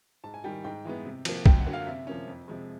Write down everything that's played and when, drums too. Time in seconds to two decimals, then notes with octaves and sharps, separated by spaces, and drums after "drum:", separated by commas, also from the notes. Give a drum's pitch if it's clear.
0.24 G#2 A5
0.34 G#5
0.44 D#3 G3 G5
0.64 G#2 G5
0.85 E3 G#3 B3
1.05 C3
1.25 F3 A#3, drum: cymbal
1.46 F#2 G5, drum: kick
1.60 F#5
1.67 D3 F#3 A#3
1.73 F5
1.87 C3 E5
2.07 F3 A#3 C#4
2.28 F2
2.48 C3 F3 G#3